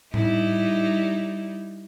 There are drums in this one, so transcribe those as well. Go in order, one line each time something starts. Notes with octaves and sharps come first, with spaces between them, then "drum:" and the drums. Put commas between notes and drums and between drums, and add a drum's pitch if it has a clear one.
G3 D#4 E4, drum: tom A2